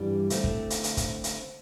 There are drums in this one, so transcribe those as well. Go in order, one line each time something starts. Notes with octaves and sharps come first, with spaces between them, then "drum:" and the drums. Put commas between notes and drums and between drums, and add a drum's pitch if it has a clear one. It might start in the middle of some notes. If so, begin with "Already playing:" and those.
Already playing: G2 E3 G3 D4
D3 A3 C4, drum: hi-hat
drum: kick
drum: hi-hat
drum: hi-hat
drum: kick, hi-hat
drum: hi-hat